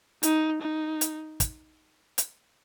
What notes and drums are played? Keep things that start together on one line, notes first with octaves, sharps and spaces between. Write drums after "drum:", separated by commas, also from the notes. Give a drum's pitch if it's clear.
D#4, drum: hi-hat
D#4
drum: hi-hat
drum: kick, hi-hat
drum: hi-hat